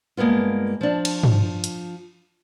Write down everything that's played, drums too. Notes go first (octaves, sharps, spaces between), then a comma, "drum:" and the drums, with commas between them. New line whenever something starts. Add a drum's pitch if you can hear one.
G2 G#3 A#3 B3 F4
F3 D4
drum: cymbal
drum: tom
drum: hi-hat